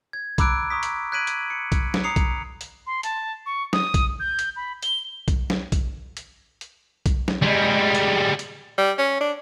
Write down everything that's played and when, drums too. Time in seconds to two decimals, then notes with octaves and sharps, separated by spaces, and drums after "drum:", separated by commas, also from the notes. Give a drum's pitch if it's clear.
0.13 G#6
0.38 A#5 B5 D6 E6 F#6 D7, drum: kick B1, hi-hat
0.70 A#5 C#6 D#6 B6
0.83 drum: hi-hat
1.12 F#6 G#6 B6 D7 D#7 F#7
1.27 drum: hi-hat
1.50 C#7
1.72 drum: kick B1, hi-hat
1.94 drum: snare
2.04 A#5 D#6 C7 C#7 F7
2.16 drum: kick B1, hi-hat
2.61 drum: hi-hat
2.87 C6
3.03 A5, drum: hi-hat
3.46 C#6
3.73 D#6, drum: snare
3.94 drum: kick B1, hi-hat
4.20 G6
4.39 drum: hi-hat
4.56 B5
4.82 G7, drum: hi-hat
5.28 drum: kick B1, hi-hat
5.50 drum: snare
5.72 drum: kick B1, hi-hat
6.17 drum: hi-hat
6.61 drum: hi-hat
7.06 drum: kick B1, hi-hat
7.28 drum: snare
7.42 G3 G#3
7.95 drum: hi-hat
8.39 drum: hi-hat
8.77 G3
8.98 C#4
9.20 D4